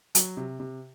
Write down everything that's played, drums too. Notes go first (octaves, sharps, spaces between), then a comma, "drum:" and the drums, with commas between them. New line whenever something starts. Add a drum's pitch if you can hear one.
F#3, drum: hi-hat
C3
C3